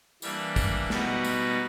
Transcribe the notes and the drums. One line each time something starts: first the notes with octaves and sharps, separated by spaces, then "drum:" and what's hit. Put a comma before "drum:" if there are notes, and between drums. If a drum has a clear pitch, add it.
E3 G3 A#3 D4, drum: tambourine
drum: kick, tambourine
B2 G3 B3 D#4 F#4, drum: snare
drum: tambourine